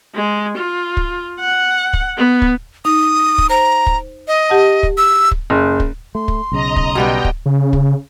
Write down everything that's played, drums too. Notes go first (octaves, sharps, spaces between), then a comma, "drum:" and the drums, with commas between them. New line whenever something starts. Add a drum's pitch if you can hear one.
G#3
F4
drum: kick
F#5
drum: kick
B3
drum: kick
D#4 D#6
drum: kick
C5 A#5
drum: kick
D#5
G4 F#5 A5
drum: kick
E6
drum: kick
F#1
drum: kick
A3 C6
drum: kick
B1 C#3 D#5 A#5
drum: kick
B2 G3 B3 G5
drum: kick
C#3
drum: kick